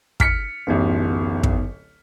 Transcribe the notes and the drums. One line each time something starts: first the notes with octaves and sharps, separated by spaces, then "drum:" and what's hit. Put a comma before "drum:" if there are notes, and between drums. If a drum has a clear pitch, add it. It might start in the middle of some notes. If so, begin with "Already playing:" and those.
F6 B6 C#7, drum: kick
D1 A1 F#2 B3 D#4
drum: kick